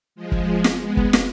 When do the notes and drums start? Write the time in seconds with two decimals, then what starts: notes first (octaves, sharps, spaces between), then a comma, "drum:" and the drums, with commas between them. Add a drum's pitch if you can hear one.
0.15 F3 G#3
0.32 drum: kick
0.64 drum: snare
0.81 G#3 B3
0.97 drum: kick
1.13 drum: snare